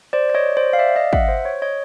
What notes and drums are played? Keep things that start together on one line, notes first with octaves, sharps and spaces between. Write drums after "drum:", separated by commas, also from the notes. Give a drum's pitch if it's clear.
C5 D5
D5
C#5 D#5
C5 D5
F5
D5 E5
D#5 F5
E5 F#5, drum: kick
C5
C#5
C#5 D#5